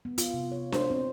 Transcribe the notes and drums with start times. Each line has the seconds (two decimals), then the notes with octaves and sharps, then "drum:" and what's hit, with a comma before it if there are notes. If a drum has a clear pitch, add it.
0.05 B3
0.18 F4, drum: hi-hat
0.34 C3
0.52 C#5
0.72 C5, drum: snare D4
0.90 C4